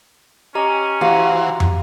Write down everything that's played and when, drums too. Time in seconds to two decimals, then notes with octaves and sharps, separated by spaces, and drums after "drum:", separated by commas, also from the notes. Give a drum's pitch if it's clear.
0.55 C#4 G4 D#5 A#5
1.01 E3 F#4 G4 C5 F5 A#5
1.60 drum: tom